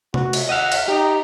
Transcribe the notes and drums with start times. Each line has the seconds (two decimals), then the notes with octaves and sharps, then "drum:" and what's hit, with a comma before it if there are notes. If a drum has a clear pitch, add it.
0.14 F#4, drum: tom C3
0.33 drum: cymbal
0.49 D#5 F5 F#5
0.72 drum: cymbal
0.88 D#4 G4